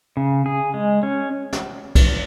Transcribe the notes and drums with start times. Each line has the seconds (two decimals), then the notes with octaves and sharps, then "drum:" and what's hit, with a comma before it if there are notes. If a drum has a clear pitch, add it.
0.17 C#3
0.46 G#4
0.74 G#3
1.03 C#4
1.53 drum: snare
1.95 drum: kick C2, cymbal